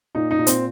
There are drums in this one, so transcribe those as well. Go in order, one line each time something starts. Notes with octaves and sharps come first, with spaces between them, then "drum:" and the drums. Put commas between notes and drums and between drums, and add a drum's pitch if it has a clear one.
A#2 D#4
D#4
A#2
C4, drum: hi-hat